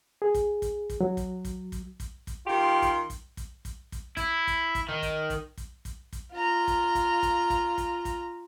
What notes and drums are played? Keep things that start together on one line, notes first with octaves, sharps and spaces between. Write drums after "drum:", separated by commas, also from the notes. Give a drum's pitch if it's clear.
G#4
drum: kick, hi-hat
drum: kick, hi-hat
drum: kick, hi-hat
F#3
drum: kick, hi-hat
drum: kick, hi-hat
drum: kick, hi-hat
drum: kick, hi-hat
drum: kick, hi-hat
D#3 F4 G4 C6
drum: kick, hi-hat
drum: kick, hi-hat
drum: kick, hi-hat
drum: kick, hi-hat
drum: kick, hi-hat
E4, drum: kick, hi-hat
drum: kick, hi-hat
drum: kick, hi-hat
D#3
drum: kick, hi-hat
drum: kick, hi-hat
drum: kick, hi-hat
drum: kick, hi-hat
drum: kick, hi-hat
F4 A#5
drum: kick, hi-hat
drum: kick, hi-hat
drum: kick, hi-hat
drum: kick, hi-hat
drum: kick, hi-hat
drum: kick, hi-hat